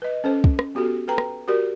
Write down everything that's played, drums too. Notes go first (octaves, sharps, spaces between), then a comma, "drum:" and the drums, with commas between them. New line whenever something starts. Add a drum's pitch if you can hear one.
B4 D#5
C#4 A4 C5
drum: kick
drum: rim click
B3 F#4 G4 A4
A4 B4 G5 A#5
drum: rim click
F#4 G4 A#4 D5